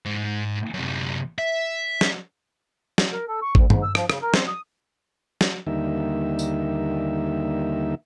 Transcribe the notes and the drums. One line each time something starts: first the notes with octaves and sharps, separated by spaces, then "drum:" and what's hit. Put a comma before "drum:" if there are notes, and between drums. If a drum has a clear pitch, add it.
G#2
F#2 C3
E5
drum: snare
drum: snare
A#4
A4
C#6
D2, drum: kick G#1
G#2, drum: tom G2
E6
F3, drum: rim click
C#3, drum: rim click
A#4
C4, drum: snare
D#6
drum: snare
D#2 D3 G3 A#3 D#4 E5
drum: tambourine